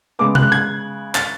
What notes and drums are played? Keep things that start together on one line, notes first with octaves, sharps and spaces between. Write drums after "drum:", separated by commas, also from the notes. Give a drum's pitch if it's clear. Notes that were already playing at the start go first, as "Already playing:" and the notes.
C#3 G#3 B3 D6
F#6, drum: tom C3
G#6
A6, drum: clap